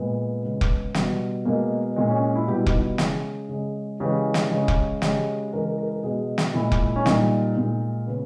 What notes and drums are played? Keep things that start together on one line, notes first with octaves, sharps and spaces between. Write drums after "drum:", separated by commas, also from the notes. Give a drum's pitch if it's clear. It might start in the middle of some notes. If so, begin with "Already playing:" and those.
Already playing: A#2 G#3 B3
C#3 G#3
drum: kick F1
B2 G3, drum: snare
B2 G#3 A#3
A#2 G#3
C#4
C#4
E4
B2 G3 G4
E4
D#4, drum: kick F1
E4
C#3 G#3 G#4, drum: snare
C#3 G#3
C#3 E3 G#3 G4
drum: snare
C#3 G#3
drum: kick F1
C#3 G#3 G4, drum: snare
C#3 E3 G#3 A#4
A#4
A#4
A#4
B2 G#3 G#4
drum: snare
A#2 G#3 E4
drum: kick F1
C#4
A#2 G3 D#4, drum: snare
A#2 G#3
C#3 B3